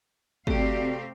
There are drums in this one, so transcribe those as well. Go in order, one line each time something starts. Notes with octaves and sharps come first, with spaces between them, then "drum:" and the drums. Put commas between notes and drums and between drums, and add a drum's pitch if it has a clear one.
C3 A3 C4 F#4 G4 D5 F5, drum: kick